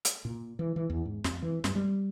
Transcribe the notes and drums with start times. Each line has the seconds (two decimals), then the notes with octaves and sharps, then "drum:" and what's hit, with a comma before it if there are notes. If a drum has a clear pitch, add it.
0.05 drum: hi-hat
0.25 A#2
0.59 E3
0.76 E3
0.90 E2
1.05 G#2
1.24 F2, drum: snare
1.42 E3
1.64 G2, drum: snare
1.76 G3